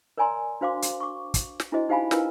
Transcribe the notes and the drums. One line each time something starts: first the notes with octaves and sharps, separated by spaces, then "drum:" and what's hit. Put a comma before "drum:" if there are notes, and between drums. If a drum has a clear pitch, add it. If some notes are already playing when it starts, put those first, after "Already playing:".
A#4 C#5 D5 G#5 A#5 C6
D4 F#4 C5 F5 C6 D6
drum: hi-hat
C#6 D6
drum: kick, hi-hat
drum: snare
D4 E4 F#4 G#4 C5 D#5
D#4 G4 C5 F5 G#5 B5
D4 E4 F4 A#4 B4, drum: snare